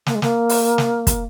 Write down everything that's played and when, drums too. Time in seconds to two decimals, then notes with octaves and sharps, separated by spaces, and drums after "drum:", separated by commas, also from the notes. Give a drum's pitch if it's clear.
0.06 A#3, drum: snare
0.15 G#3
0.22 A#3, drum: snare
0.49 drum: open hi-hat
0.78 drum: snare
1.07 drum: kick, hi-hat